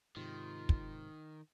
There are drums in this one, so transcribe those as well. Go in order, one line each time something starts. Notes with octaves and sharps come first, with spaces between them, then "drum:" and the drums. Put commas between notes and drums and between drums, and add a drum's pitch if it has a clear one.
G#2 C3 D#3 F4
drum: kick